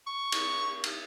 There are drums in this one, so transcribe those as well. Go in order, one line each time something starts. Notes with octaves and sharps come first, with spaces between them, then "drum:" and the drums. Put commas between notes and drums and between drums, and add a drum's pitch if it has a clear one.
C#6
drum: cymbal
drum: cymbal